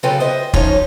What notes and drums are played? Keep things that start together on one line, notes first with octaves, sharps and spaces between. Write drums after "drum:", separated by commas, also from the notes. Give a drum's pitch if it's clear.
C#3 F#3 F4 A4 B4 G5
C5 D#5 E5
F3 C#4 D#4 F4 C#5, drum: kick